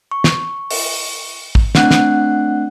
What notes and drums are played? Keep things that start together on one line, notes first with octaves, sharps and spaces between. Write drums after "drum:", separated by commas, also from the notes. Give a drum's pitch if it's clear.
C#6
drum: snare
drum: open hi-hat
drum: kick
A3 C4 D4 F#5 F#6, drum: snare
drum: snare